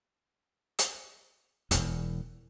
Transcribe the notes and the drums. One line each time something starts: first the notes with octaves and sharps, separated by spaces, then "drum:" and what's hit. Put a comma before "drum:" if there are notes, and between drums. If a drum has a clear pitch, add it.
drum: hi-hat
E1 E2, drum: hi-hat